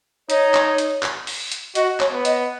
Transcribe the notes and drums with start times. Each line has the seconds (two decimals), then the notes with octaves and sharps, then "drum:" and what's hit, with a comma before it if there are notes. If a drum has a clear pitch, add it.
0.30 D#4 C#5, drum: hi-hat
0.54 drum: clap
0.78 drum: hi-hat
1.03 drum: clap
1.27 drum: open hi-hat
1.52 drum: hi-hat
1.75 F#4 D#5, drum: hi-hat
2.00 C#5, drum: clap
2.12 B3
2.25 D#5, drum: hi-hat